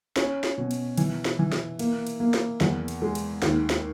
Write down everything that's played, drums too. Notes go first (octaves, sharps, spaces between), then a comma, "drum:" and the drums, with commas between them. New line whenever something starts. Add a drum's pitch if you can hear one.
C#4, drum: snare
drum: snare
B2
drum: cymbal
E3, drum: cymbal
drum: snare
E3
drum: snare
A#3, drum: cymbal
drum: cymbal
A#3
drum: snare
E2, drum: snare
drum: cymbal
G#3
drum: cymbal
D#2, drum: snare
drum: snare